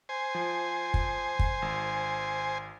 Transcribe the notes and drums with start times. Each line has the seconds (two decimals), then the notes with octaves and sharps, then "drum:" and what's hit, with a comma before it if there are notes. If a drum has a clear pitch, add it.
0.09 C5 G#5
0.35 F3
0.94 drum: kick
1.39 drum: kick
1.62 G#1